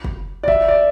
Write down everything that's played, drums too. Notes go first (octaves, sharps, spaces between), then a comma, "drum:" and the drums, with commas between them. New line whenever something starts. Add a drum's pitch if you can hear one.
drum: kick
D5
E5, drum: kick
D5